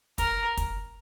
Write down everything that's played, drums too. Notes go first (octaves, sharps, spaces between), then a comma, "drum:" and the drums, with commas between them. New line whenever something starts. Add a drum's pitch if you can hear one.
A#4, drum: kick, hi-hat
drum: kick, hi-hat